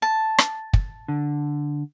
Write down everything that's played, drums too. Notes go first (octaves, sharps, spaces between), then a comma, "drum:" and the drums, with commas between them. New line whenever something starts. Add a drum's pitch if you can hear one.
A5
drum: rim click
drum: kick
D3